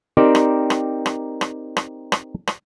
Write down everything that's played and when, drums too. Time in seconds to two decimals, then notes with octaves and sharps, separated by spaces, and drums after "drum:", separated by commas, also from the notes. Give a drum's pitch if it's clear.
0.17 C4 D#4 G4 A#4 C5 D5
0.35 drum: rim click
0.70 drum: rim click
1.06 drum: rim click
1.41 drum: rim click
1.77 drum: rim click
2.12 drum: rim click
2.47 drum: rim click